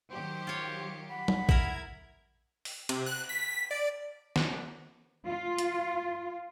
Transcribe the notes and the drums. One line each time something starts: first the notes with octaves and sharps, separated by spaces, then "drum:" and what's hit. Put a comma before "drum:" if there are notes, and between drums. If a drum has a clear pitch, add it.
D#3 F#3 G4 C5
F4 C#5
F#5 B5
drum: tom F#3
E4 A#4 A#5 G#6, drum: kick
drum: open hi-hat
C3, drum: cymbal
F#6
B6
D5
drum: snare
F4
drum: hi-hat